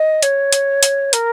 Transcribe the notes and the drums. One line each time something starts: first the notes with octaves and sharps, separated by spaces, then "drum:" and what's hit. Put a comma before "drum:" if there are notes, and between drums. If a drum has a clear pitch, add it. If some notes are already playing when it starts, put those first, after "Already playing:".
Already playing: D#5
C#5, drum: hi-hat
drum: hi-hat
drum: hi-hat
A#4, drum: hi-hat